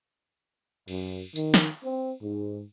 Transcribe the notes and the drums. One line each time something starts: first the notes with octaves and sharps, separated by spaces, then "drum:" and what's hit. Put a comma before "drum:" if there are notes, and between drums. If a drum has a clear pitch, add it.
F#2, drum: cymbal
D#3, drum: tambourine
drum: snare
C4
G#2